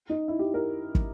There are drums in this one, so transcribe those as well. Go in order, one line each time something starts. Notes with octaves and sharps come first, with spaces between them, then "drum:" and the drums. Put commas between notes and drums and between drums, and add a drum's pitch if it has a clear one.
D#4
E4
G4
A#4
drum: kick